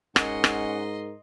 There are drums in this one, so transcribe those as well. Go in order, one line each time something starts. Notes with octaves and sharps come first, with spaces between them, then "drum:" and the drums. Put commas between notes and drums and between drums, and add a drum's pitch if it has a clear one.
G#2 C#4 A#4 D#5 F#5 C6, drum: rim click
drum: rim click